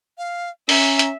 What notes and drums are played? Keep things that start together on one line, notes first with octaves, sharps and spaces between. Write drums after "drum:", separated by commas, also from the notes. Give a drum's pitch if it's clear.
F5
C#4 E5 A#5, drum: open hi-hat
drum: hi-hat